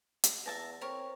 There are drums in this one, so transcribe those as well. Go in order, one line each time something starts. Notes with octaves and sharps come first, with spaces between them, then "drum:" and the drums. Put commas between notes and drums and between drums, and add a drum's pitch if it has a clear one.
drum: hi-hat
E2 E5 A5 A#5
C4 A#4 C#5